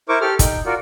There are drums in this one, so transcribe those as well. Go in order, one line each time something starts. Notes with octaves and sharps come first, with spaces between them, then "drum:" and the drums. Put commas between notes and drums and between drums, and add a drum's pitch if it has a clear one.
E4 A#4 C5 C#6 D6
G4 A4 F6
D#4 G5, drum: kick, hi-hat
F4 F#4 A#4 D5